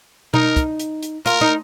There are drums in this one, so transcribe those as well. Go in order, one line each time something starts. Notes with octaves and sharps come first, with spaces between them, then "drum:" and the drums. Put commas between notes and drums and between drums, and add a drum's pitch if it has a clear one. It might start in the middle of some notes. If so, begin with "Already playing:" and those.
D#4 A#4, drum: tom B2
drum: kick, hi-hat
drum: hi-hat
drum: hi-hat
F4 A#4, drum: hi-hat
D#4